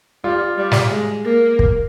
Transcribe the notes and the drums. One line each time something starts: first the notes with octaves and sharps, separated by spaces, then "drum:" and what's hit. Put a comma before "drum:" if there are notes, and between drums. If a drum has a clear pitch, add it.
G3 F4
G3
drum: snare
G#3
A#3
drum: kick